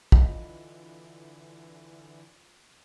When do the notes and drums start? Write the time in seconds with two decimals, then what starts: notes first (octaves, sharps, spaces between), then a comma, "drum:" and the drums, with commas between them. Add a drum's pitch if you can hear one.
0.12 D3 E3 F4 D#5 E5 B5, drum: kick